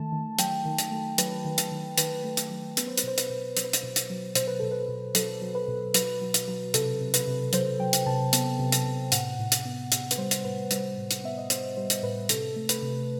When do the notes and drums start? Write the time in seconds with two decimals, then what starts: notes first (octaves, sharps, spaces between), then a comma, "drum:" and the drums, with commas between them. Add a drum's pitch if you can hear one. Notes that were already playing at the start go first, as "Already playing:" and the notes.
Already playing: D#3 A3 A5
0.12 D#3
0.39 F#3 G5, drum: hi-hat
0.65 D#3
0.78 drum: hi-hat
0.91 A3
1.18 F#3 B4, drum: hi-hat
1.45 D#3
1.58 drum: hi-hat
1.71 D#3
1.98 D#3 B4, drum: hi-hat
2.24 A3
2.37 drum: hi-hat
2.50 F#3
2.77 B3 B4, drum: hi-hat
2.87 C5
2.98 B4, drum: hi-hat
3.03 B2 C5
3.18 B4, drum: hi-hat
3.30 B2
3.57 F#3 C5, drum: hi-hat
3.65 B4
3.73 C5, drum: hi-hat
3.83 B2
3.96 drum: hi-hat
4.10 F#3
4.35 B2 C5, drum: hi-hat
4.47 B4
4.60 B2 A4
4.71 B4
4.88 B2
5.15 F#3 A4, drum: hi-hat
5.42 F#3
5.55 B4
5.68 B2
5.94 F#3 B4, drum: hi-hat
6.21 F#3
6.34 drum: hi-hat
6.48 F#3
6.74 C3 A4, drum: hi-hat
7.01 C3
7.14 B4, drum: hi-hat
7.27 C3
7.53 F#3 C5, drum: hi-hat
7.80 F#3 G5
7.93 drum: hi-hat
8.06 C3 A5
8.33 B3 A5, drum: hi-hat
8.59 C3
8.72 drum: hi-hat
8.86 C3
9.12 A2 F#5, drum: hi-hat
9.38 A2
9.52 drum: hi-hat
9.65 B3
9.92 A2, drum: hi-hat
10.11 B4, drum: hi-hat
10.18 G3 C5
10.31 drum: hi-hat
10.44 A2 B4
10.71 G3 B4, drum: hi-hat
10.98 A2
11.11 drum: hi-hat
11.24 B3 E5
11.38 D#5
11.50 B3 C5, drum: hi-hat
11.77 G3 C5
11.90 drum: hi-hat
12.03 A2 B4
12.29 C3 A4, drum: hi-hat
12.56 A3
12.69 B4, drum: hi-hat
12.82 C3